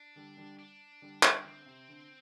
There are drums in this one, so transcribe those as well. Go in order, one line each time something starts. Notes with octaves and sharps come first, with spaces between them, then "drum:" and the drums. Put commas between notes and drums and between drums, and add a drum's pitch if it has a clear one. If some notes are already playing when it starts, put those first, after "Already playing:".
Already playing: D4
D3 G3
D3 G3
D4
D3 G3
drum: clap
D3 C4
C3
D3